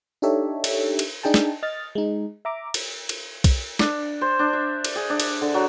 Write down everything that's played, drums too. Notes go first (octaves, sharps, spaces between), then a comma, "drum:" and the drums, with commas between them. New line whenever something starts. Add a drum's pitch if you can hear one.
D4 D#4 G4 A4 C#5 E5
drum: cymbal
drum: cymbal
D4 D#4 G#4 G5 A5
drum: snare
D#5 F6 A6
G#3 D#4
E5 A#5 D6
drum: cymbal
drum: cymbal
drum: kick, cymbal
D4, drum: snare
C5
D4
E5
drum: cymbal
G#4
D4
drum: cymbal
D3
F#3